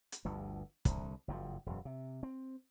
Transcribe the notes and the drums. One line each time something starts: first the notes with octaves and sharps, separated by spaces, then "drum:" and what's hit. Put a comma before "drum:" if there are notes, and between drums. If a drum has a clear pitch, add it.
drum: hi-hat
G1 D2 G2 F3
C2 D3, drum: kick, hi-hat
F#1 G2 F3
E1 F#2
C3
C4